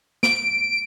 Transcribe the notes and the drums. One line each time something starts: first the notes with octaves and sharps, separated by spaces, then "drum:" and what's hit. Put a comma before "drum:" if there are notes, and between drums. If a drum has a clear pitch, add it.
D7, drum: snare